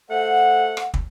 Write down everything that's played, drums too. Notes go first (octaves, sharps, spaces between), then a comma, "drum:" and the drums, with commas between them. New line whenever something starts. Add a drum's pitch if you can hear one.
A3 C5 F#5
drum: rim click
drum: kick